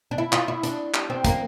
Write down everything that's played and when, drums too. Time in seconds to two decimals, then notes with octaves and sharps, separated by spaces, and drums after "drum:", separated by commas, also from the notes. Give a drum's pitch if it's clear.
0.11 D4
0.18 E4
0.32 F4, drum: clap
0.48 E4
0.63 D4, drum: hi-hat
0.94 drum: clap
1.10 C4
1.25 A#3, drum: kick, hi-hat